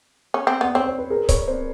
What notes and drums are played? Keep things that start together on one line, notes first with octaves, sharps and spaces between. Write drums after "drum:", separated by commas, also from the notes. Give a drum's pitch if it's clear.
C#4
C4
B3 D5
C4 C#5
C5
B4
G#4 A#4
B4 C#5, drum: kick C#1, hi-hat
C5 D5